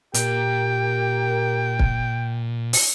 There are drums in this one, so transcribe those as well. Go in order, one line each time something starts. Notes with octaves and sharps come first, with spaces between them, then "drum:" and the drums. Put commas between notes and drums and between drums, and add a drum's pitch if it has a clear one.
A#2 G4 A#4 G5, drum: hi-hat
drum: kick
drum: open hi-hat